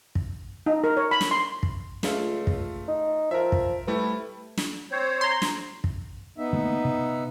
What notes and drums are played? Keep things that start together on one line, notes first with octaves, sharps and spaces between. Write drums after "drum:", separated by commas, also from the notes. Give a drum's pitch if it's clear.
drum: kick
D#4
A#4
C#5
B5
drum: snare
C6
drum: kick
C#2 A3 F4 E5, drum: snare
drum: kick
D#4
F3 A#4 E5
drum: kick
G3 A3 E4 B4
drum: snare
C4 C5 C#5
A#5 C6
drum: snare
drum: kick
B3 D#4 E5
D3 A3 A#3
C3